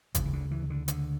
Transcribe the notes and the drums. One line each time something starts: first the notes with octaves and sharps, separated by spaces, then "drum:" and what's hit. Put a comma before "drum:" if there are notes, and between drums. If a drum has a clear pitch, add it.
D2 C#3 E3, drum: kick, hi-hat
E3
D3
E3
D3
D3, drum: hi-hat